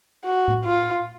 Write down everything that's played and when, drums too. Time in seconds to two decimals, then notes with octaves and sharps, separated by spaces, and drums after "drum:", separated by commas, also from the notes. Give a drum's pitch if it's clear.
0.25 F#4
0.48 drum: tom A2
0.65 F4